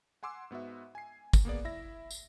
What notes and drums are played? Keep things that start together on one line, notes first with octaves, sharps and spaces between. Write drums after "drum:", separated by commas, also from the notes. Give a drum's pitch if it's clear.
F#5 G#5 C6 D6 E6
G#2 B3 F#4 E5
G#5 C7
drum: kick, tambourine
A#3 B3 G#4 D5
E4 E5 A#6
drum: tambourine